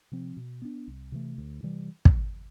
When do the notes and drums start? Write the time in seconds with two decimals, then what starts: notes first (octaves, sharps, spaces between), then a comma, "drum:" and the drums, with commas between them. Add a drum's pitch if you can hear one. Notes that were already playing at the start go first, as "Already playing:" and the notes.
0.12 C3 F3 C4
0.37 B2
0.62 B3 D4
0.87 C2
1.12 C3 E3 A3
1.38 D2
1.63 C3 E3 G3
2.05 drum: kick